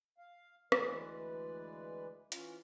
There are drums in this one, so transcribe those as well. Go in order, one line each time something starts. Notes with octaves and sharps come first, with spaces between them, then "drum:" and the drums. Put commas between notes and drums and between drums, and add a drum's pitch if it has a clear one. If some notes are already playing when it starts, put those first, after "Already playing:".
F5
D2 E3 G#3 B4 D5, drum: rim click
E3 C#4 F4, drum: hi-hat